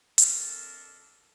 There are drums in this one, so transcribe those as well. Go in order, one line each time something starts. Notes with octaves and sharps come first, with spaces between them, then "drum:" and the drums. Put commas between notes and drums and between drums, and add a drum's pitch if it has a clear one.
F2 D4 A4 A#4, drum: hi-hat